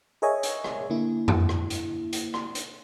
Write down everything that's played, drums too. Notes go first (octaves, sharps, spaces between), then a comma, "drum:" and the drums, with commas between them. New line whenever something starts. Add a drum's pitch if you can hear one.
G#4 A#4 C#5 D#5 E5 G#5
drum: hi-hat
drum: rim click
D3 A#3 E4
drum: tom F2
drum: rim click
drum: hi-hat
drum: hi-hat
drum: rim click
drum: hi-hat